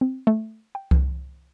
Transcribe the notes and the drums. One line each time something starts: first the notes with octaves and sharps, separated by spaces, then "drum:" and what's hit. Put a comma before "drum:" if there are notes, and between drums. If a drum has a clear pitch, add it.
C4
A3
G5
drum: kick C2